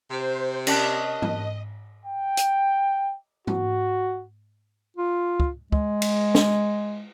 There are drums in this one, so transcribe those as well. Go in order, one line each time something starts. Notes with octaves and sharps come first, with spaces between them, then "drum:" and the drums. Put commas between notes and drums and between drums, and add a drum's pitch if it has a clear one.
C3 C5
C#4 G4 A#4 D5 D#5 A5 F#6, drum: cymbal
drum: tom
G5
drum: hi-hat
F#4, drum: tom
F4
drum: kick
G#3, drum: kick
drum: cymbal
drum: snare